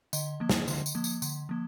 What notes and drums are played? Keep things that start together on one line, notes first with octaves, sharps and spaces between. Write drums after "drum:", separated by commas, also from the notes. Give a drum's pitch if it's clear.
D3 D#5, drum: tambourine
F3 A#3
drum: snare
D3, drum: tambourine
drum: tambourine
F3 A#3
drum: tambourine
D3, drum: tambourine
F3 A#3